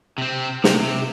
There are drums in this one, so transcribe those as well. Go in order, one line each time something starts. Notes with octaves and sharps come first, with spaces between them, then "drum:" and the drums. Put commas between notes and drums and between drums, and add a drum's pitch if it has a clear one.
C3 C4
C3, drum: snare
C3